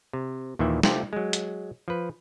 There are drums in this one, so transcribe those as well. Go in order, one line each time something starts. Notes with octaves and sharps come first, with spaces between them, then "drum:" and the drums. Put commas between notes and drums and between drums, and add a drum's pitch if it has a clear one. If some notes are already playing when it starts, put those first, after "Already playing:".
C3
D#2 A#2 D#3 E3 E5
C3 A3 C4 F4 G4, drum: snare
F#3 G#3
drum: hi-hat
F3 B4